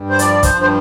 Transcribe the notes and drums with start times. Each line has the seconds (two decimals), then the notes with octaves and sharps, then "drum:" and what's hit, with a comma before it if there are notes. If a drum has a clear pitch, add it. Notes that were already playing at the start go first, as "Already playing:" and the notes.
Already playing: G2
0.10 C5
0.19 F3 D5, drum: hi-hat
0.43 C5, drum: kick, hi-hat
0.55 G2
0.61 C5